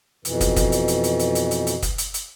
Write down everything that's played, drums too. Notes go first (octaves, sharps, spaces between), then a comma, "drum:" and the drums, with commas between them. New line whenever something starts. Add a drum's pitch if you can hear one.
F2 B2 E3, drum: hi-hat
drum: kick, hi-hat
drum: kick, hi-hat
drum: hi-hat
drum: hi-hat
drum: hi-hat
drum: hi-hat
drum: hi-hat
drum: hi-hat
drum: hi-hat
drum: kick, hi-hat
drum: hi-hat
drum: hi-hat